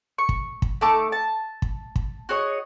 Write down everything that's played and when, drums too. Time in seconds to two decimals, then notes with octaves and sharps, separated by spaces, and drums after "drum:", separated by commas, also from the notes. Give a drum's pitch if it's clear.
0.18 C#6
0.29 drum: kick
0.62 drum: kick
0.81 A3 D#4 A5 D6
1.12 A5
1.62 drum: kick
1.96 drum: kick
2.29 F#4 G#4 C#5 D#5